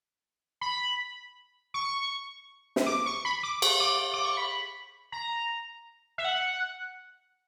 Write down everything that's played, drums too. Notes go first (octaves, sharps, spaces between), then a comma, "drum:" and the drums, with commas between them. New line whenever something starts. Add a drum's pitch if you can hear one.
B5
C#6
drum: snare
D6
C#6
B5
D6
C#6, drum: cymbal
D6
D6
C#6
B5
A#5
E5
F#5